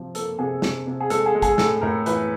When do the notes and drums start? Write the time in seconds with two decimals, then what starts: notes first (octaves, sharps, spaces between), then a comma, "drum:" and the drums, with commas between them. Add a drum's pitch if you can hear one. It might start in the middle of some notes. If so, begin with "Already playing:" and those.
Already playing: C3 F3
0.15 A#3 A4, drum: hi-hat
0.38 C3 G#4
0.62 C3, drum: snare
0.87 C3
1.00 G#4
1.10 G#3 A4, drum: hi-hat
1.26 G#4
1.35 G#3
1.42 G#4, drum: kick, hi-hat
1.58 A2 A4, drum: snare
1.81 A2 A#4
2.06 E3 B4, drum: hi-hat